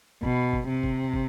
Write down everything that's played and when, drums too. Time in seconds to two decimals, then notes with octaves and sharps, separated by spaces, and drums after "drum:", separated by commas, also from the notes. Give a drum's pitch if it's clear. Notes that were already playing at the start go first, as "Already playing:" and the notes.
0.23 B2, drum: kick
0.53 drum: kick
0.68 C3
0.83 drum: kick
1.14 drum: kick